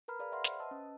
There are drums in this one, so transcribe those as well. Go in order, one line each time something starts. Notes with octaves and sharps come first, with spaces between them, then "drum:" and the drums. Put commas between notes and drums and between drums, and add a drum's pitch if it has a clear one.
A#4 B4 A#5 B5 F6
G#4 D5 F5 B5
E5 F#5 C6 F6
C5, drum: snare
B4 D#5 A5 E6
C#4